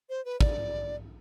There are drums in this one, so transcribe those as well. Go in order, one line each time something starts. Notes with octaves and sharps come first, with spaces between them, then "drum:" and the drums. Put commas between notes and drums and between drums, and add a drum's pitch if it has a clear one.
C5
B4
D5, drum: kick